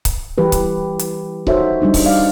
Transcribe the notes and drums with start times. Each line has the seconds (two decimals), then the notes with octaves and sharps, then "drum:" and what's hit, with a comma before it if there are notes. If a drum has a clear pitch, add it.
0.05 drum: kick C#1, hi-hat
0.38 E3 G3 G4 B4
0.52 drum: kick C#1, hi-hat
0.99 drum: hi-hat
1.47 D#4 F#4 A4 C5 C#5 E5, drum: kick C#1
1.80 G3 D4 D#4 F#4
1.94 drum: kick C#1, open hi-hat
2.05 D#4 D5 F5